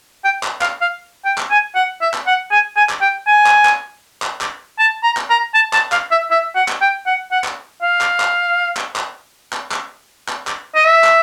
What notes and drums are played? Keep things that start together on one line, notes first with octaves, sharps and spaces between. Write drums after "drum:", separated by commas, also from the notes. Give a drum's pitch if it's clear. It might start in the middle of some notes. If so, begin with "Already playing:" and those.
G5
drum: clap
F5, drum: clap
F5
G5
drum: clap
G#5
F#5
E5
drum: clap
F#5
G#5
G#5
drum: clap
G5
G#5
drum: clap
drum: clap
drum: clap
drum: clap
A5
A#5
drum: clap
A#5
A5
A5, drum: clap
F5, drum: clap
E5
E5
F#5
drum: clap
G5
F#5
F#5
drum: clap
F5
drum: clap
drum: clap
drum: clap
drum: clap
drum: clap
drum: clap
drum: clap
drum: clap
D#5
E5
drum: clap